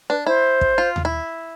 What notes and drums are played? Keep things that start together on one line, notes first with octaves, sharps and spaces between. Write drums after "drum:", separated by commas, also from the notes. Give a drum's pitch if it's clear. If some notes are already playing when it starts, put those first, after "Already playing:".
D4 B4
E4 C5
drum: kick
F4
drum: tom D#2
E4